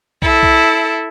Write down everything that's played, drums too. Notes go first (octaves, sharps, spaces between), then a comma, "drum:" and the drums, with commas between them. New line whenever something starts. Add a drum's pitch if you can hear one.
E4 A4, drum: kick
drum: kick